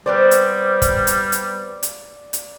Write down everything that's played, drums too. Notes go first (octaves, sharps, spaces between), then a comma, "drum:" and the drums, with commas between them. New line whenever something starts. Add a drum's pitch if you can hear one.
G3 B3 C4 C5 D5
drum: hi-hat
drum: kick, hi-hat
drum: hi-hat
drum: hi-hat
drum: hi-hat
drum: hi-hat